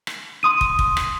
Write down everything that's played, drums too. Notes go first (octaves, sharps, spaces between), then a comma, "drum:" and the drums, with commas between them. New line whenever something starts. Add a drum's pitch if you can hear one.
drum: rim click
C6 D#6 D#7
drum: kick
drum: kick
drum: rim click